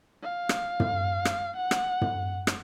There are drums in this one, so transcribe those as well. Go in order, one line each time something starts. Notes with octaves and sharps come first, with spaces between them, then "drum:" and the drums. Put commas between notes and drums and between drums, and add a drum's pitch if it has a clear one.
F5
drum: rim click
drum: tom
drum: rim click
F#5
drum: rim click
drum: tom
drum: rim click